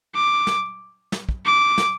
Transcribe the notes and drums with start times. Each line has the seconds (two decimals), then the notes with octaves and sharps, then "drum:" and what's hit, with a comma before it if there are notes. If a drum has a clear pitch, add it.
0.15 D6
0.47 drum: snare
1.12 drum: snare
1.29 drum: kick
1.45 D6
1.78 drum: snare